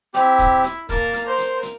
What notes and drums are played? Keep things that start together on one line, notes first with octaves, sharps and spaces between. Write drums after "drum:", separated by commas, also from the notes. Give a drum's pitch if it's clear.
C4 E4 G4, drum: hi-hat
drum: kick, hi-hat
drum: hi-hat
A#3 A#4 A5, drum: kick, hi-hat
drum: hi-hat
A#4 C5 C6
drum: hi-hat
drum: hi-hat